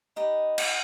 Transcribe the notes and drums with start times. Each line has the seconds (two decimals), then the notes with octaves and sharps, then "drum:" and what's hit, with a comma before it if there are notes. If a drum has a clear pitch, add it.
0.16 D#4 G4 B4 D#5
0.58 F#5, drum: cymbal